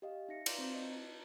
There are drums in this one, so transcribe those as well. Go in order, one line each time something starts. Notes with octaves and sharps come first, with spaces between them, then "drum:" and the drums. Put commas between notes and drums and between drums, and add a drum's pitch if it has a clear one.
G4 D#5 F5
D#4 E5 A#6 C#7
D5 F5 C6 D6 G6, drum: cymbal
C4 C5 C#6 G6
D#5
E4